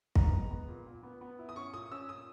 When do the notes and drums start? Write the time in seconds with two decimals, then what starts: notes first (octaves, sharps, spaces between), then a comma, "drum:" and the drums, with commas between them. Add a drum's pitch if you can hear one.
0.15 B3 A#5, drum: kick
0.33 G#3
0.51 B3
0.68 A#2
0.86 A#2
1.03 B3
1.21 B3
1.39 E4
1.49 D#6
1.56 C#4 C#6
1.73 A#2 D#6
1.92 C#4 E6
2.09 A#2 D#6